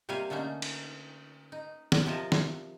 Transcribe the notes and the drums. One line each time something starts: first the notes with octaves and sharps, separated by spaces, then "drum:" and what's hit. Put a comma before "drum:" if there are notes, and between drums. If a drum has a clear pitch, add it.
C3 G3 A#3 F5 G#5
D3 A3 A#3 C#4 D#4
drum: cymbal
D#4
drum: snare
C3 F3 A#4 D#5 A5
drum: snare